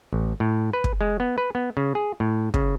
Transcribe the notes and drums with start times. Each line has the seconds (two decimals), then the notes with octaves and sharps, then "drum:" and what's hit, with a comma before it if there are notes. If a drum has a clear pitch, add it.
0.13 A1
0.40 A2
0.73 B4
0.84 drum: kick
1.01 G#3
1.20 B3
1.38 B4
1.55 B3
1.77 C#3
1.95 G#4
2.20 A2
2.54 C#3, drum: kick